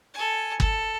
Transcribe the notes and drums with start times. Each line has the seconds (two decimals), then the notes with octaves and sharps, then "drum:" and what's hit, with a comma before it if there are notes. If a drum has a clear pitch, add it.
0.14 A4 G#5
0.60 A4, drum: kick G1